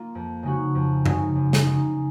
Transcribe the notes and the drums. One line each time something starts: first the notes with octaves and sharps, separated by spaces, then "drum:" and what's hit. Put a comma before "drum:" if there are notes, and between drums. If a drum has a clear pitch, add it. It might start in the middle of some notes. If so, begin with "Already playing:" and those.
Already playing: A#3 F4
F2
C#3 G#3 D#4 F#4
F2
C#3 G#3 D#4 F#4, drum: tom F#2
F#2
drum: snare
C#3 G#3 D#4